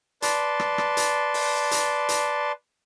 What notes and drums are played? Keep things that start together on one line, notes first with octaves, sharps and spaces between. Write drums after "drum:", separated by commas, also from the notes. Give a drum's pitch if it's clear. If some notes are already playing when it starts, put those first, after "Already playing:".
B4 D5 A5 C6, drum: hi-hat
drum: rim click
drum: rim click
drum: hi-hat
drum: open hi-hat
drum: hi-hat
drum: hi-hat